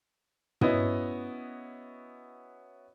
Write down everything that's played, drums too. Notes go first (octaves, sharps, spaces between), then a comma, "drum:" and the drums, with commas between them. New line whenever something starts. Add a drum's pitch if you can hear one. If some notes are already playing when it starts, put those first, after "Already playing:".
B3 C#4 E4 F#4 D#5, drum: tom